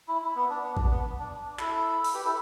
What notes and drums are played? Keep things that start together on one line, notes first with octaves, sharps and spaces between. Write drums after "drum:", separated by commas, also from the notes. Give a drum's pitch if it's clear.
E4
E4
B3
D4
B3
D4, drum: kick
B3
D4
D4
E4 A4, drum: clap
drum: open hi-hat
G4 B4
E4 A4